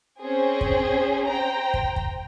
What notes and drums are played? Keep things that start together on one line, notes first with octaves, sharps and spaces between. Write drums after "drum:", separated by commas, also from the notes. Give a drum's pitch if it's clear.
C4 C#4 G#4 C5
drum: kick
C5 G5 A#5
drum: kick
drum: kick